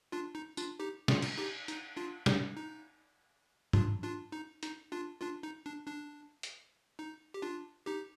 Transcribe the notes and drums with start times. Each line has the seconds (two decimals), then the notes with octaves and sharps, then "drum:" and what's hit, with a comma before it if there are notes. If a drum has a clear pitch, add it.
0.12 D4 F4
0.35 D#4
0.57 D4 F4, drum: tambourine
0.80 D#4 G4
1.08 F4 G#4, drum: snare
1.22 drum: cymbal
1.38 D#4 G4
1.68 D#4, drum: hi-hat
1.97 D4 F4
2.26 D#4 G4, drum: snare
2.56 D#4
3.73 D4 F4, drum: tom G2
4.03 D4 F4
4.32 D#4
4.63 D#4, drum: hi-hat
4.92 D4 F4
5.21 D4 F4
5.43 D#4
5.66 D4
5.87 D4
6.43 drum: hi-hat
6.99 D#4
7.34 G4
7.42 D4 F4
7.86 D#4 G4